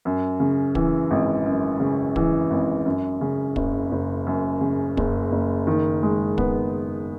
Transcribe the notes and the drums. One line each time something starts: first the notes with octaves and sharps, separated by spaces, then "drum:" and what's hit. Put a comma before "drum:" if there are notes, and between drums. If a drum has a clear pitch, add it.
F#2
C#3
E3, drum: kick
G#1
F#2
C#3
E3, drum: kick
G#1
F#2
C#3
F#1, drum: kick
F#1
F#2
C#3
F#1, drum: kick
F#1
D#3
G#3
B3, drum: kick